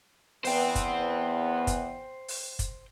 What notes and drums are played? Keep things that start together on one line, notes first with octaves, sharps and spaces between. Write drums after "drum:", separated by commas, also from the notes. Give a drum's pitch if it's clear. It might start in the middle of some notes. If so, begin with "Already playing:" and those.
E2 B3 C5 G5, drum: open hi-hat
drum: kick, hi-hat
drum: kick, hi-hat
drum: open hi-hat
drum: kick, hi-hat